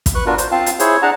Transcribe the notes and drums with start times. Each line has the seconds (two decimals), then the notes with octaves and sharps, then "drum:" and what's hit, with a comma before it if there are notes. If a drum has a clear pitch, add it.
0.06 drum: kick, hi-hat
0.15 B4 C#6 F#6
0.26 B3 D4 F4 F#4 A#4
0.38 C5, drum: hi-hat
0.51 C4 F4 F5 A5
0.66 drum: hi-hat
0.80 E4 G#4 C5 C#5, drum: hi-hat
1.02 D4 G#4 F#5 A5 A#5